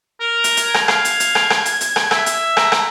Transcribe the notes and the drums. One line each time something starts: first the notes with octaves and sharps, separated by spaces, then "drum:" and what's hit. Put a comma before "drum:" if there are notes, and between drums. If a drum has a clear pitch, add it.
A#4
drum: hi-hat
G#6, drum: hi-hat
drum: rim click
F5, drum: rim click
drum: hi-hat
drum: hi-hat
drum: rim click
drum: rim click
drum: hi-hat
drum: hi-hat
drum: rim click
E5, drum: rim click
drum: hi-hat
A#5, drum: rim click
drum: rim click